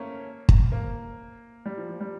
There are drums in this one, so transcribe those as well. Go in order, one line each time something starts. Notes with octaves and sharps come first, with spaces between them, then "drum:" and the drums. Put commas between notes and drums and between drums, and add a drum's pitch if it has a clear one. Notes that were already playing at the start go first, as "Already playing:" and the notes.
Already playing: A3 A#3 C#4
drum: kick
A#3
G3
F3
F3
G3